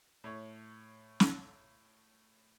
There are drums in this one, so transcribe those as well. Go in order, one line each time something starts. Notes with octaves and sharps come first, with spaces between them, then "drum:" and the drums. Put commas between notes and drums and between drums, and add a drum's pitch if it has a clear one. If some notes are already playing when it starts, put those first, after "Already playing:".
A2 C#5
drum: snare